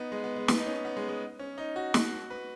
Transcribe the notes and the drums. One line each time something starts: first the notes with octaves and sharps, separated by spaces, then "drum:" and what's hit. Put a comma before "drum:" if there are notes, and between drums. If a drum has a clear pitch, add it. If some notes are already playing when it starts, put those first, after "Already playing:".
Already playing: B3 D#4
G#3
B3
G#3
B3, drum: snare
D#4
C#4
B3
G#3
G#3
C#4
D#4
F#4
F#4, drum: snare
B4